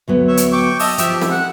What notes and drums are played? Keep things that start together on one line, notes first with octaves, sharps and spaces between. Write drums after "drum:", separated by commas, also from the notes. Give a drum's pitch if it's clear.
D2 F#3 B3
C#5 E5
drum: hi-hat
G5 C#6 D6
D#5 E5 A5, drum: open hi-hat
F3 G4 E5, drum: hi-hat
drum: snare
F#5